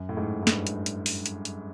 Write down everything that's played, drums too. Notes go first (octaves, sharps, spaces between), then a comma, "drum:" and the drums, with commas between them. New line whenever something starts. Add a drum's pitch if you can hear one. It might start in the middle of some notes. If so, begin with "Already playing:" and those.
Already playing: F#2
A2
G#2
G#2
G2, drum: snare
drum: hi-hat
drum: hi-hat
drum: open hi-hat
drum: hi-hat
drum: hi-hat